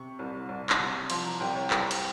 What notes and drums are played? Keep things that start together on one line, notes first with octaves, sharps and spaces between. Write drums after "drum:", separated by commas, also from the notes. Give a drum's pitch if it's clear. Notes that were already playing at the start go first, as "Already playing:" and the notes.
Already playing: C3 C#6
C2
C2
drum: clap
C3
F3 C6, drum: cymbal
A#5
C2 G5
C#5
C2 C5, drum: clap
drum: cymbal